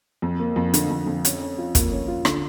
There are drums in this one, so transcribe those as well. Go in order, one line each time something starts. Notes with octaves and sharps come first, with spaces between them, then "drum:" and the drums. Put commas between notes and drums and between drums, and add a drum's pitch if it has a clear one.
F2
A#3
F2
D3, drum: hi-hat
F2
F2
C#4, drum: hi-hat
C#4
F4
A#3, drum: kick, hi-hat
C#4
F4
D3, drum: rim click